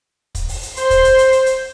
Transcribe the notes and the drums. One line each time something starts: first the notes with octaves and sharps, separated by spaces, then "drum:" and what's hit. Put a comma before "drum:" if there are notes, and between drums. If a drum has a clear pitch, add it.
drum: kick, hi-hat
drum: open hi-hat
drum: hi-hat
C5 C6, drum: hi-hat
drum: kick, hi-hat
drum: hi-hat
drum: hi-hat
drum: hi-hat
drum: hi-hat